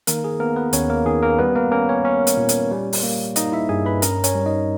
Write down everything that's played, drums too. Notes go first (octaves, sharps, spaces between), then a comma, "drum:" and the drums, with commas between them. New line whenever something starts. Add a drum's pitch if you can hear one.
D#3 A#3 A#4, drum: hi-hat
G#4
A#3 B3 A#4
B3 B4
D#2 C#4 C#5, drum: hi-hat
A#3 A#4
D#3 G#4
A#3 A#4
G3 B3 B4
A#3 A#4
A#3 C#4 A#4
C#4 C#5
C#4
drum: hi-hat
A#2
drum: hi-hat
G3
drum: open hi-hat
A#3
A#3 D#4 D#5, drum: hi-hat
E4 E5
G2 G#4 G#5
B4 B5
C#4 A#4 A#5, drum: hi-hat
C#4 C#5, drum: hi-hat
G3
D#4 D#5